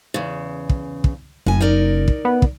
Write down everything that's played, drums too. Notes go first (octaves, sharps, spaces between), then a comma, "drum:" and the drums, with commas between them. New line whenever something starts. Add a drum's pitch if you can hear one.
E2 C#3
drum: kick
drum: kick
F#1 A2 G#5
D#4 A#4 D5
drum: kick
B3
drum: kick